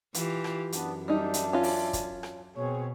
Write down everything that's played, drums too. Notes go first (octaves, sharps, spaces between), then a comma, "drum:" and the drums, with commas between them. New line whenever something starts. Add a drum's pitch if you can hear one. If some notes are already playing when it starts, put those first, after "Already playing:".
E3 F4 G4, drum: hi-hat
drum: rim click
F#2 B3 D4, drum: hi-hat
G3 D4 D#4 E5 A5
drum: hi-hat
C#4 F4
drum: open hi-hat
drum: kick, hi-hat
drum: rim click
B2 C4 G#4 C#5